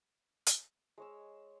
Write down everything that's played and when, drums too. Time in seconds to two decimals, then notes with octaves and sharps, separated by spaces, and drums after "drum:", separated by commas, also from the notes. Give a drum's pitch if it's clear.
0.46 drum: hi-hat
0.98 G#3 C#5 E6